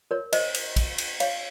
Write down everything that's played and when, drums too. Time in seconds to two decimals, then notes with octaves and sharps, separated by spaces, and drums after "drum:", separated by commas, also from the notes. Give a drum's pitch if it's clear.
0.11 A#4 C#5
0.33 C5 D#5, drum: cymbal
0.55 drum: cymbal
0.76 drum: kick, cymbal
0.98 drum: cymbal
1.20 C#5 F5, drum: cymbal